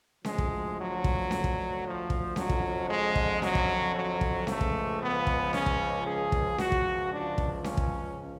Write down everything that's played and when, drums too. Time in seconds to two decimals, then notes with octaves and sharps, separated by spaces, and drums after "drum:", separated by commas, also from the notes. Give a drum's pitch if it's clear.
0.25 D2 D3 F3 G#3, drum: snare C#4
0.38 drum: kick
0.78 F#3
1.04 drum: kick
1.31 drum: snare C#4
1.44 drum: kick
1.84 F3
2.10 drum: kick
2.36 F2 D3 F3 F#3, drum: snare C#4
2.49 drum: kick
2.89 G#3
3.15 drum: kick
3.42 F#3, drum: snare C#4
3.55 drum: kick
3.94 F#3
4.21 drum: kick
4.47 C#2 C#3 F3 A3, drum: snare C#4
4.61 drum: kick
5.00 B3
5.27 drum: kick
5.53 C#4, drum: snare C#4
5.66 drum: kick
6.06 G#4
6.32 drum: kick
6.58 C#2 C#3 F3 F#4, drum: snare C#4
6.72 drum: kick
7.11 D4
7.38 drum: kick
7.64 C#4, drum: snare C#4
7.77 drum: kick